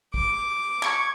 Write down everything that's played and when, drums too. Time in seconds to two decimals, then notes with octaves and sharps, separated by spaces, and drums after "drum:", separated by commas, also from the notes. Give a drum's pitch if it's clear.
0.14 D6, drum: kick
0.83 C#6 G#6, drum: clap